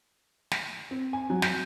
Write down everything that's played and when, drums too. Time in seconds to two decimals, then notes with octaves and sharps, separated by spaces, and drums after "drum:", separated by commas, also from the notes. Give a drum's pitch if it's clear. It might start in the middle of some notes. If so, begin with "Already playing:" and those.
0.51 drum: snare
0.91 C4
1.13 G#5
1.30 F#3
1.42 G6, drum: snare